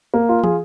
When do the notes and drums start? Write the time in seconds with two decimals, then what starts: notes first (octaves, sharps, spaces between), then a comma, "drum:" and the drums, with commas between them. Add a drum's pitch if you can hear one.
0.14 A#3
0.29 F4
0.44 G#4, drum: tom